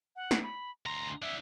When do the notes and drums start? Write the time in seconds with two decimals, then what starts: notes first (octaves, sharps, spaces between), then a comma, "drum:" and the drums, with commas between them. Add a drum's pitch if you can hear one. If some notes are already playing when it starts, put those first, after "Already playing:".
0.16 F#5
0.31 drum: snare
0.43 B5
0.86 D2 A#5 C6
1.22 D4 E4 E5